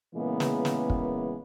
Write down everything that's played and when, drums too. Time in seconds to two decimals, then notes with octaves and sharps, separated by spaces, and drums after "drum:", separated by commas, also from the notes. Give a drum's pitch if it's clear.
0.15 A#2 C#3 E3 G#3 A#3 B3
0.40 drum: snare
0.65 drum: snare
0.90 drum: kick